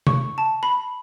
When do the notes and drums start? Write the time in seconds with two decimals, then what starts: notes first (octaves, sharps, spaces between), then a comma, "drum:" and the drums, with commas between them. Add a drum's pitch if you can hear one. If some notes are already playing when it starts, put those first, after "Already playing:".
0.07 C#6, drum: tom C3
0.38 A5
0.63 B5